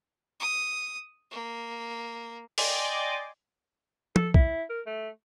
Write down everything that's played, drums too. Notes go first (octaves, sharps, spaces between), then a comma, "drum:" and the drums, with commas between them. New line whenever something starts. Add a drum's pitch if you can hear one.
D#6
A#3
D5 D#5 G5 G#5 C6 D6, drum: open hi-hat
A4, drum: tom
E4, drum: kick B1
A#4
A3